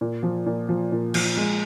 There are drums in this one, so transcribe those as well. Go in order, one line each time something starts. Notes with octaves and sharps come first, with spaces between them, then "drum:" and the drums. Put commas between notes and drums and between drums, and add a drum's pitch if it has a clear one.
A#2
F3
A#2
F3
A#2
F3, drum: cymbal
G#3